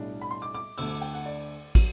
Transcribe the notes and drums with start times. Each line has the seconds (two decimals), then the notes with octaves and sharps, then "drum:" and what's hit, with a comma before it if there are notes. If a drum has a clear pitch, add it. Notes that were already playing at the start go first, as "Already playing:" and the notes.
Already playing: B1 A2 G3 D4
0.21 B5
0.31 C6
0.42 D6
0.54 D6
0.78 D2 D3 A3 E6, drum: cymbal
0.90 D6
1.01 G5
1.14 F#5
1.26 D5
1.75 F#3, drum: kick, cymbal